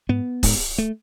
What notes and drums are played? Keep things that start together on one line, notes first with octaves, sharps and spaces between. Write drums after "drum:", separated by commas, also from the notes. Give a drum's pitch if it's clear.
G#2 B3
G#2, drum: kick, open hi-hat
A3